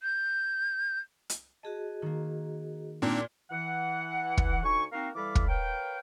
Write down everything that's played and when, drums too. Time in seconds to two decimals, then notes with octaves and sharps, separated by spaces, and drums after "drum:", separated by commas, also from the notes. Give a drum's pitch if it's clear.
0.03 G6
1.30 drum: hi-hat
1.63 F#4 G#4 D#5 A5
2.02 D#3 A#3
3.02 A#2 C4 D4 D#4 D7
3.50 E3 F#5
4.37 drum: kick
4.63 D2 D#4 G#5 C#6
4.92 A#3 C4 D#4 F#4 A#4 F5
5.15 E3 G3 A4 F5 B5 D6
5.35 drum: kick
5.48 A#4 B4 C#5 F5 G5